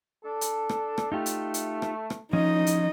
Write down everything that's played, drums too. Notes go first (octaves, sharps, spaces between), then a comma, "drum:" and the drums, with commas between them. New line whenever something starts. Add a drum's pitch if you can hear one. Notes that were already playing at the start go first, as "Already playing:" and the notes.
D4 A4
drum: hi-hat
drum: rim click
drum: rim click
A3 D#4 F4 G4
drum: hi-hat
drum: hi-hat
drum: rim click
drum: rim click
F3 C#4 D#4 D#5
drum: hi-hat